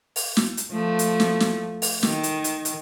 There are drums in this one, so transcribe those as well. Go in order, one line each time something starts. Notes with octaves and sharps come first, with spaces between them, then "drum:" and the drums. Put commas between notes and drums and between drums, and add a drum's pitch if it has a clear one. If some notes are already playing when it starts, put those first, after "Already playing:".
drum: open hi-hat
drum: snare
drum: hi-hat
F3 A3
drum: hi-hat
drum: snare
drum: snare
drum: open hi-hat
D#3, drum: snare
drum: hi-hat
drum: hi-hat
drum: hi-hat